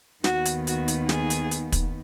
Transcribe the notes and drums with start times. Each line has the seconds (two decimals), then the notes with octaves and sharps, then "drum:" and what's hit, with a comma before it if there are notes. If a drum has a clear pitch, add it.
0.24 D#2 D#3 B3 F#4, drum: snare
0.45 drum: hi-hat
0.67 F#4, drum: hi-hat
0.88 drum: hi-hat
1.09 G#4, drum: snare
1.30 drum: hi-hat
1.51 drum: hi-hat
1.72 drum: kick, hi-hat